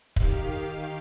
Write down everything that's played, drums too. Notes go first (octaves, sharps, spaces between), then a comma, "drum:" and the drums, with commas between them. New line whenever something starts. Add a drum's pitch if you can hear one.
D#3 G4 F5, drum: kick